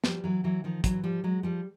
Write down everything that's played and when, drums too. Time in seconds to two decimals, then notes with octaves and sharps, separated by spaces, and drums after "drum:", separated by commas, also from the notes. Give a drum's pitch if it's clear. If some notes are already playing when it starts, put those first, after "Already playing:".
0.04 F3 G3, drum: snare
0.24 E3 F#3
0.44 E3 F#3
0.64 D#3 F3
0.84 E3 F#3, drum: kick, hi-hat
1.04 F3 G3
1.24 F#3 G#3
1.43 F3 G3